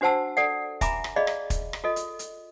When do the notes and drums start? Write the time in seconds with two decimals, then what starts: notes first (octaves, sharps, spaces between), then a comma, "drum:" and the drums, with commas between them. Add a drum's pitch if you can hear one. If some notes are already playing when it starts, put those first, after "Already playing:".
0.01 D4 F#4 C5 F#5 A5 E6
0.37 A4 D5 F#5
0.81 E5 G#5 A#5 B5 D6, drum: kick, hi-hat
1.04 drum: rim click
1.16 G#4 D5 D#5 F5 B5
1.27 drum: rim click
1.50 drum: kick, hi-hat
1.73 drum: rim click
1.84 F4 A4 D#5
1.96 drum: hi-hat
2.19 drum: hi-hat